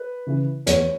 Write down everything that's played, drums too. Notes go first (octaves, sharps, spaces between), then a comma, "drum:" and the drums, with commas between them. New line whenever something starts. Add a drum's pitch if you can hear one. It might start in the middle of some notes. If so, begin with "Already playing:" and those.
Already playing: B4
C#3 E3
E2 C#5, drum: hi-hat